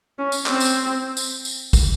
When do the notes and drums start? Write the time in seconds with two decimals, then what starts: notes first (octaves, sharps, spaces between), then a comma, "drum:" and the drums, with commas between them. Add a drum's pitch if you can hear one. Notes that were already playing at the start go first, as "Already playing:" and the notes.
0.19 C#4
0.32 drum: tambourine
0.46 C4, drum: clap
0.60 drum: tambourine
1.17 drum: tambourine
1.45 drum: tambourine
1.73 drum: kick, tambourine